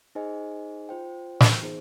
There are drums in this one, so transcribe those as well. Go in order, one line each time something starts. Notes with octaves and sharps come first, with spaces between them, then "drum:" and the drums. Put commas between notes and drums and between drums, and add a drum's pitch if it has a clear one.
D#4 G#4 C5 D#5 G#5
F4 C5 G5
drum: snare
B3 D#4 G#4 C5